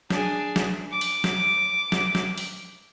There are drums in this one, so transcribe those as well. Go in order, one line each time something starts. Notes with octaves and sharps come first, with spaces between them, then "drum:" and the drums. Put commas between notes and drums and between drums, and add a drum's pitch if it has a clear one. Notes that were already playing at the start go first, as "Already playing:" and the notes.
D4 G#4, drum: snare
drum: snare
D6
drum: open hi-hat
drum: snare
drum: snare
drum: snare
drum: open hi-hat